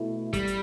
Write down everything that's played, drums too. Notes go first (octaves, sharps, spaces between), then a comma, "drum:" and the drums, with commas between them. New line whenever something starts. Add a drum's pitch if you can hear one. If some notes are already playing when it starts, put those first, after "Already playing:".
Already playing: B2 A3 E4
G3, drum: kick, hi-hat
drum: hi-hat